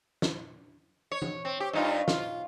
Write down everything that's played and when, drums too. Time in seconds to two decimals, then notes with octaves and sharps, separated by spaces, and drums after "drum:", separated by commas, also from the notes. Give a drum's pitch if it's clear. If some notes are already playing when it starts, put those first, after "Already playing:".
0.22 drum: snare
1.12 C#5
1.22 drum: tom
1.45 C4
1.60 G4
1.73 G2 D#4 F4
2.08 F4, drum: snare